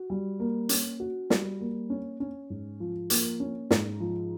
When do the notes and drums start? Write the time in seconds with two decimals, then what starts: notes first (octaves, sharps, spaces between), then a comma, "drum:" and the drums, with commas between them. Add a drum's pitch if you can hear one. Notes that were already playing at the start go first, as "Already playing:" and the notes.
Already playing: F#4
0.10 G3
0.40 A#3
0.69 C#4, drum: hi-hat
1.00 F#4
1.30 G3, drum: snare
1.60 A#3
1.90 C#4
2.20 C#4
2.50 G#2
2.80 F3
3.10 A#3, drum: hi-hat
3.40 C#4
3.71 G#2, drum: snare
4.00 F3